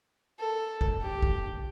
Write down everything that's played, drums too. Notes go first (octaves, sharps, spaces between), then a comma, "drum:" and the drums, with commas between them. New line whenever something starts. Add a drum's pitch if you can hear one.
A4
drum: kick
G4
drum: kick